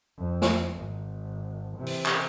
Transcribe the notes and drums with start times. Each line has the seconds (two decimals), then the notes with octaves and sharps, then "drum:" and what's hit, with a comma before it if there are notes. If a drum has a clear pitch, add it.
0.17 F2
0.42 drum: snare
0.76 G#1
1.77 C3 E3
1.86 drum: open hi-hat
2.06 drum: clap